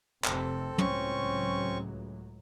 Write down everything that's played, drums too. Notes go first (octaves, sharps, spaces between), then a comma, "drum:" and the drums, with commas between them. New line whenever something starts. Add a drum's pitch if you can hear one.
F1 C3 C4 A4, drum: clap
C#2 A2 F#3 C4 C#4 C#6, drum: tom